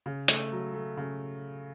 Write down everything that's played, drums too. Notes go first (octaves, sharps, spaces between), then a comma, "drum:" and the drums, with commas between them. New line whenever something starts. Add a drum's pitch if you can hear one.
C#3
A3, drum: hi-hat
F#3
A3
C#3